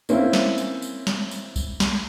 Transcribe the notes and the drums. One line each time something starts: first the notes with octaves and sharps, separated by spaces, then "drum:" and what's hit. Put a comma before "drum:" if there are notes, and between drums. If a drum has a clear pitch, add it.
A#3 C4 C#4 E4, drum: tambourine
drum: snare
drum: tambourine
drum: tambourine
drum: snare
drum: tambourine
drum: kick B1, tambourine
drum: snare